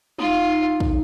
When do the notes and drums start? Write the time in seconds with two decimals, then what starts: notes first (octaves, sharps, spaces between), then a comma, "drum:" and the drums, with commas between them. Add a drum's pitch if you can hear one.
0.18 D#4 F4, drum: tom
0.80 drum: kick